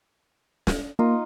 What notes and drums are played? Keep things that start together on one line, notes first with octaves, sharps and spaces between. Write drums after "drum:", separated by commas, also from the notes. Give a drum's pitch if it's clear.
drum: snare
A#3 D#4 F4 D#5